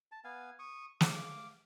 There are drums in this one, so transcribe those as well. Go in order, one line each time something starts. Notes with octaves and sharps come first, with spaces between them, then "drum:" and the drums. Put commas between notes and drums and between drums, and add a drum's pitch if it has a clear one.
A5
B3 F5 G#5
C#6 D#6
F5 D6, drum: snare